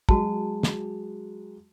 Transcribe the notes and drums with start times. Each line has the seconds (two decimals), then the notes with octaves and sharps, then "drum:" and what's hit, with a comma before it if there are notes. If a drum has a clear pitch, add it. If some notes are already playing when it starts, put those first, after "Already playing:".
0.09 F#3 G#3 F#4 A5, drum: kick
0.63 drum: snare